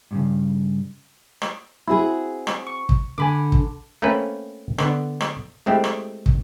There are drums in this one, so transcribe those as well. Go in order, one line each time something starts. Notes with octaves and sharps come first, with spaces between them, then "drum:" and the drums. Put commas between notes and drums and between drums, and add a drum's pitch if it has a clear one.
G2 A#2 C#3
drum: rim click
C4 E4 F#4 G#4
drum: rim click
C#6
drum: kick
D3 G#5 B5 D6
drum: kick
A3 A#3 C4 C#4 A#4 B4
D3 B3, drum: rim click
drum: rim click
G#3 A3 C4 E4 G4
drum: rim click
drum: kick